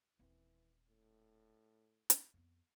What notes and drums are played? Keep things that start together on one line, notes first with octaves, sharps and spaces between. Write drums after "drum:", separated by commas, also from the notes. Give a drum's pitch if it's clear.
D#1 E3 C4
A2
drum: hi-hat
F2 B3